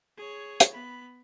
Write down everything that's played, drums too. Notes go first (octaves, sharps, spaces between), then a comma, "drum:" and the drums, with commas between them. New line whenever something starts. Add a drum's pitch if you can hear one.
G#4 C#5
drum: hi-hat
B3 B5